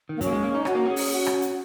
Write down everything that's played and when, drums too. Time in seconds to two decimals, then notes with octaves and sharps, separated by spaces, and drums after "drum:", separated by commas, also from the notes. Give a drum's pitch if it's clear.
0.09 D#3
0.16 A#3
0.21 F#3 C#4, drum: kick, hi-hat
0.27 A#3
0.32 G#3
0.43 A#3
0.54 D#4
0.65 C#4 F#4, drum: rim click
0.75 A#3
0.85 C#4 G#4
0.96 drum: open hi-hat
1.11 F#4
1.26 drum: rim click
1.42 drum: hi-hat